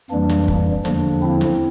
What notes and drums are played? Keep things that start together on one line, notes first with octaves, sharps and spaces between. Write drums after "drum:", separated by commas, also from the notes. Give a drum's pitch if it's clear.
F2 E3 G3 A#3 D4
drum: snare
drum: kick
E2 D3 F3 A#3 D4, drum: snare
C4 E4
drum: snare